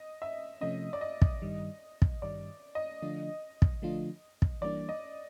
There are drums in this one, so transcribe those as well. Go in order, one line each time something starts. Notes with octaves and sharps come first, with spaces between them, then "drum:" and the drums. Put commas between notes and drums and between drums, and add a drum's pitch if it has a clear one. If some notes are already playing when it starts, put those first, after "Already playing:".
Already playing: D#5
E5
C3 F3 A3 C#4 D#5
D5
D#5
drum: kick
G2 D#3 G3
drum: kick
G2 D#3 G3 D5
D#5
D3 F3 A3 D4 F4
drum: kick
D3 F3 A3 D4 F4
drum: kick
E3 G3 A#3 D4 D5
D#5